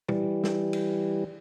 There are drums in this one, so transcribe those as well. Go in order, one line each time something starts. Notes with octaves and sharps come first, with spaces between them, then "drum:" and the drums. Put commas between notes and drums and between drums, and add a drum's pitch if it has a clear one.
E3 G3, drum: tom
drum: snare
drum: cymbal